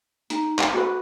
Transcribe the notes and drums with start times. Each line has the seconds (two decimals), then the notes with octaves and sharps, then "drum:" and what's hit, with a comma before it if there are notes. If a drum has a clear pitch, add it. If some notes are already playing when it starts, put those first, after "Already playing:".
0.30 D#4, drum: hi-hat
0.59 drum: clap
0.74 F#4 B4